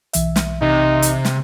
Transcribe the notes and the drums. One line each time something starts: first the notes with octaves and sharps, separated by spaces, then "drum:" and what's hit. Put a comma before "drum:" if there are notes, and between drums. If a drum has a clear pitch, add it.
B1 E3 E5, drum: hi-hat
drum: snare
C3 D#4
drum: hi-hat
drum: snare